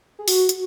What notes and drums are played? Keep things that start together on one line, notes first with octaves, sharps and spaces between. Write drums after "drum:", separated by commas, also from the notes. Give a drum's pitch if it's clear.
G#4
F#4, drum: open hi-hat
drum: hi-hat